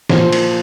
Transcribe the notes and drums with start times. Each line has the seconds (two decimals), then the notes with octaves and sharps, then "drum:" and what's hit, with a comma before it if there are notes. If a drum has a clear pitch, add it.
0.10 A#2 F3 C5, drum: snare
0.32 drum: cymbal